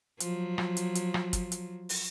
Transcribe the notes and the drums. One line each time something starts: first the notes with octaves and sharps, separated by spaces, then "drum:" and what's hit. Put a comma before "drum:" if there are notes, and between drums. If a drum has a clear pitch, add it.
F3 F#3, drum: hi-hat
drum: rim click
drum: hi-hat
drum: hi-hat
drum: rim click
drum: kick, hi-hat
drum: hi-hat
drum: open hi-hat